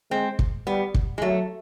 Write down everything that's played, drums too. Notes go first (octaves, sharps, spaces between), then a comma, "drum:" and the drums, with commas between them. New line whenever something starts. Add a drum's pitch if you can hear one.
G#3 C4
drum: kick
G3 B3
drum: kick
G#3
F#3 A3